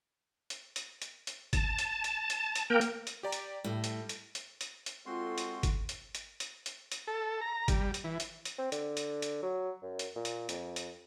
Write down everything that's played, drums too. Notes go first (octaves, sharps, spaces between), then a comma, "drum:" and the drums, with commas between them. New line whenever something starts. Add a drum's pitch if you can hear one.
drum: hi-hat
drum: hi-hat
drum: hi-hat
drum: hi-hat
A5, drum: kick G#1, hi-hat
drum: hi-hat
drum: hi-hat
drum: hi-hat
drum: hi-hat
A#3 A#4 G5
drum: hi-hat
drum: hi-hat
G4 D5 A#5
drum: hi-hat
A2 G3
drum: hi-hat
drum: hi-hat
drum: hi-hat
drum: hi-hat
drum: hi-hat
G#3 C4 F4 F#4 A4 C6
drum: hi-hat
drum: kick G#1, hi-hat
drum: hi-hat
drum: hi-hat
drum: hi-hat
drum: hi-hat
drum: hi-hat
A4
A#5
G3, drum: kick G#1, hi-hat
drum: hi-hat
E3
drum: hi-hat
drum: hi-hat
C4
D3, drum: hi-hat
drum: hi-hat
drum: hi-hat
F#3
F#2
drum: hi-hat
A#2
drum: hi-hat
F2, drum: hi-hat
drum: hi-hat